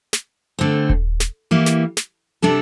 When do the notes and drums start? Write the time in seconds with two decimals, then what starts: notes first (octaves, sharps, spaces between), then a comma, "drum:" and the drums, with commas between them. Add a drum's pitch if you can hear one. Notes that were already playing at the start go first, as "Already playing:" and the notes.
0.13 drum: snare
0.59 D3 A3 C4
0.90 drum: kick D#1
1.20 drum: snare
1.51 E3 A#3 E4 G4
1.66 drum: snare
1.97 drum: snare
2.42 C3 G3 D4 A4